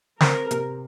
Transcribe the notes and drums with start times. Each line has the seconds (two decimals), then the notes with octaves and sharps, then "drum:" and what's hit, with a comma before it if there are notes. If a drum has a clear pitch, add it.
0.21 C4 A#4, drum: snare
0.51 C3, drum: hi-hat